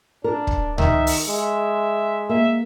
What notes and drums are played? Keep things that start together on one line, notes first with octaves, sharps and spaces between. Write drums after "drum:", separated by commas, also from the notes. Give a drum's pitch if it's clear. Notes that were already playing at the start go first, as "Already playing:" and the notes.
D4 A#4
drum: kick
D#3 E5, drum: tom C#2
drum: open hi-hat
G#3 E5
A#3 E5